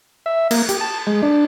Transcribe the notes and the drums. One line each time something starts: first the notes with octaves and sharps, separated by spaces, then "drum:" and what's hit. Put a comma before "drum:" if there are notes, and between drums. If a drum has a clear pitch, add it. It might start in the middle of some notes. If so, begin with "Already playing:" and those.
E5
A#3, drum: cymbal
G4, drum: hi-hat
A5
G#3
D4